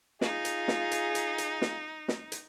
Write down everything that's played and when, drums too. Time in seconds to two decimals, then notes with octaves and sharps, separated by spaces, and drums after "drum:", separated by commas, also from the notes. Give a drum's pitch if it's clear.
0.21 D#4 F4 G#4, drum: snare
0.45 drum: hi-hat
0.68 drum: snare
0.91 drum: hi-hat
1.15 drum: hi-hat
1.38 drum: hi-hat
1.62 drum: snare
2.08 drum: snare
2.32 drum: hi-hat